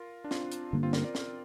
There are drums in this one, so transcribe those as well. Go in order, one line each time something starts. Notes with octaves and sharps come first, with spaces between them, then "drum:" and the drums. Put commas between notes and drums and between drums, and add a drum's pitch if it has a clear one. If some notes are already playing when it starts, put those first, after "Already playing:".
Already playing: F4 A#4
D4
C4 F4, drum: snare
drum: hi-hat
G2 D3 A#3
C4 F4
F4 A#4, drum: snare
A#4 D5
drum: snare